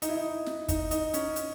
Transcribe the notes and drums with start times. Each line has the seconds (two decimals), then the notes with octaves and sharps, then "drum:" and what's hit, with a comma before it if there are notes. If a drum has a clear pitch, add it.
0.02 D#4, drum: hi-hat
0.09 E4
0.16 D#4
0.46 drum: snare
0.68 D#4, drum: kick, hi-hat
0.91 D#4, drum: hi-hat
1.14 C#4, drum: hi-hat
1.36 drum: hi-hat